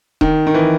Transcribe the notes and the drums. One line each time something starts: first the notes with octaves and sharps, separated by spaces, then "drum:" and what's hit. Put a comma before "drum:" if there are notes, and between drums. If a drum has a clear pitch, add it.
D#3, drum: kick D#1
D#3
E3